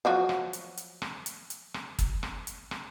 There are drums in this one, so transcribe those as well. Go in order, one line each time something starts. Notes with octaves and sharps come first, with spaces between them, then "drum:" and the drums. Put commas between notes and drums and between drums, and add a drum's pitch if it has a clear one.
F3 F#3 F#4
drum: rim click
drum: hi-hat
drum: hi-hat
drum: rim click
drum: hi-hat
drum: hi-hat
drum: rim click
drum: kick, hi-hat
drum: rim click
drum: hi-hat
drum: rim click